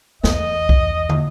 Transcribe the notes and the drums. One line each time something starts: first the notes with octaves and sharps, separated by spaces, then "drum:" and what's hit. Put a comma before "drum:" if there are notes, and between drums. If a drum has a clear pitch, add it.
E2 D#5, drum: snare
drum: kick C2
drum: tom